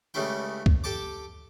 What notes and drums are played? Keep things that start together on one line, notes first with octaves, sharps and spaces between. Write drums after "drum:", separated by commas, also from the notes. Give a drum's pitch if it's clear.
C#2 C#3 G3 A3 E4 G5
drum: kick C#2
G4 A4 A5 D6